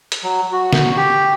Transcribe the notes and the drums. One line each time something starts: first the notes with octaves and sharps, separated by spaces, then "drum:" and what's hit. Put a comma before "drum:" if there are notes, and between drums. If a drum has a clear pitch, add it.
drum: hi-hat
F#3
F#4
drum: snare
G4